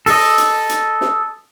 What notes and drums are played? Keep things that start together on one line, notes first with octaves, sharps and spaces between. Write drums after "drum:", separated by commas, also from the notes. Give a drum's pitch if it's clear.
A4 D#5, drum: open hi-hat
drum: hi-hat
drum: hi-hat
drum: snare